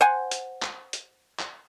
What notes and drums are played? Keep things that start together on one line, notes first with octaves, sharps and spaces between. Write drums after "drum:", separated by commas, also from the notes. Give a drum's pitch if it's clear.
C5 F#5 G#5
drum: hi-hat
drum: clap
drum: hi-hat
drum: clap